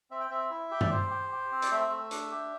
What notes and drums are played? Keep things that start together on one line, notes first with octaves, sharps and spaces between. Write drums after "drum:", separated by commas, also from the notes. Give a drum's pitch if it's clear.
C4 E5
G5
C4 E5
E4
G4
D5, drum: tom G2
G4 C5
G4
G4
C4
D5, drum: hi-hat
A3 E5
A3
D4, drum: hi-hat
G4